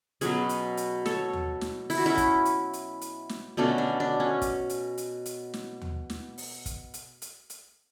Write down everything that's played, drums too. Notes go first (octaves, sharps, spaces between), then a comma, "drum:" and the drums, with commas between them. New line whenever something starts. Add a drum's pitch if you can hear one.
B2 F#3 C#4 G#4 B4, drum: hi-hat
drum: hi-hat
drum: hi-hat
A4 C#5, drum: snare
drum: tom D#2
drum: snare
E4, drum: open hi-hat
F#4
C#4 E4
drum: kick, hi-hat
drum: hi-hat
drum: hi-hat
drum: hi-hat
drum: snare
B2 A3 C#4 D4
D4
D4
C#4
drum: kick, hi-hat
drum: hi-hat
drum: hi-hat
drum: hi-hat
drum: snare
drum: tom D#2
drum: snare
drum: open hi-hat
drum: kick, hi-hat
drum: hi-hat
drum: hi-hat
drum: hi-hat